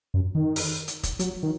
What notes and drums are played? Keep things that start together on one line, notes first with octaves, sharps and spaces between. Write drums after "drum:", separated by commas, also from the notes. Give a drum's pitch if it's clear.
F#2
D#3
drum: open hi-hat
drum: hi-hat
drum: kick, hi-hat
F#3, drum: hi-hat
D#3